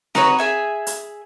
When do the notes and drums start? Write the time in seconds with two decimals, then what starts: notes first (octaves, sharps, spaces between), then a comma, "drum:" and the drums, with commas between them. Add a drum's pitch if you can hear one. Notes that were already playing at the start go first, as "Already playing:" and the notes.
0.15 D#4 F#4 B4 C#5, drum: snare C4
0.39 G#4 E5 G#5
0.87 drum: hi-hat